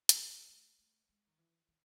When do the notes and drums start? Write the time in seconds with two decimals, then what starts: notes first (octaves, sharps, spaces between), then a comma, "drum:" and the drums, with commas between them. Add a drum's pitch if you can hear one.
0.09 A3, drum: hi-hat
0.18 G#3
0.48 A3
0.79 A3
1.09 G#3
1.27 D#3
1.38 E3
1.68 D#3